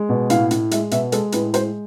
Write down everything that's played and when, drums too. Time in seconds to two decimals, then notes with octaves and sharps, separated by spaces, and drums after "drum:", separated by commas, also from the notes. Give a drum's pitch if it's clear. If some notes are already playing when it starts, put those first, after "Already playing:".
Already playing: G#3
0.09 B2
0.30 A2 F5, drum: hi-hat
0.51 A2, drum: hi-hat
0.71 G#3 E5, drum: hi-hat
0.91 B2 E5, drum: hi-hat
1.12 G#3 A4, drum: hi-hat
1.32 A2 B4, drum: hi-hat
1.54 G#3 C5, drum: hi-hat